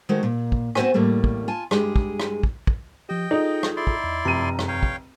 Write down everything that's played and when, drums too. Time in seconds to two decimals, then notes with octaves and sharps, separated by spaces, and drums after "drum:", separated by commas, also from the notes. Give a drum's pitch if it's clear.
0.09 D#3 G#3 A3 F#4 C5
0.23 A#2
0.52 drum: kick
0.75 B3 C4 F#4 C5 C#5 G#5, drum: rim click
0.94 E2 A2 G3 A3 A#3
1.24 drum: kick
1.48 F4 G#5 A5
1.71 G2 G#3 G4 G#4, drum: rim click
1.96 drum: kick
2.20 drum: rim click
2.43 drum: kick
2.67 drum: kick
3.09 F3 G4 D#5 G5
3.31 D#4 F4 G#4 A4
3.63 drum: rim click
3.77 E4 D5 C6
3.87 drum: kick
4.04 E2
4.25 F1 F#2 C4 A#5 D#7
4.59 drum: rim click
4.68 C#5 F5 G5
4.83 drum: kick